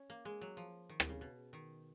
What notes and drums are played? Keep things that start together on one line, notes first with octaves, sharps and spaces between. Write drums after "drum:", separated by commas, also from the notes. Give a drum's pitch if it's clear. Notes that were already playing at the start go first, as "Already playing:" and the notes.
Already playing: C#4
A#3
G#3
F#3
F3
D#3
drum: rim click
C#3
B2
D#3